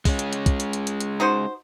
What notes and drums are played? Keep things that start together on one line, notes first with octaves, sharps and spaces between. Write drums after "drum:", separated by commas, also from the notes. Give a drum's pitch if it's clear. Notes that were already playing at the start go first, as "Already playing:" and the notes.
G#3 C#4, drum: kick, open hi-hat
drum: hi-hat
drum: hi-hat
drum: kick, hi-hat
drum: hi-hat
drum: hi-hat
drum: hi-hat
drum: hi-hat
D#4 F#4 C5